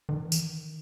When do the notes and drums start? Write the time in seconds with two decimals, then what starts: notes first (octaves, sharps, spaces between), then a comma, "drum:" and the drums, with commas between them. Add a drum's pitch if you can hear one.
0.09 D#3
0.20 E3
0.32 D#3, drum: tambourine